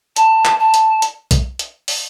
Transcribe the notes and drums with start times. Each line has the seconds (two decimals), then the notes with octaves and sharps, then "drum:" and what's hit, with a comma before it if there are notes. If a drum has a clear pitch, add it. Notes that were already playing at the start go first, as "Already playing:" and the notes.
0.16 A5, drum: hi-hat
0.45 drum: clap
0.59 A5
0.74 drum: hi-hat
1.02 drum: hi-hat
1.31 drum: kick B1, hi-hat
1.59 drum: hi-hat
1.88 drum: open hi-hat